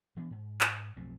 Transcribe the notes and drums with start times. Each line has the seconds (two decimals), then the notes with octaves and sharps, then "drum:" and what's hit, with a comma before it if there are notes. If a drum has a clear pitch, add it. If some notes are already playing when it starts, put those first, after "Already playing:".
0.17 E3 B3 D4
0.31 G#2
0.61 drum: clap
0.97 B1 F2 A3 C4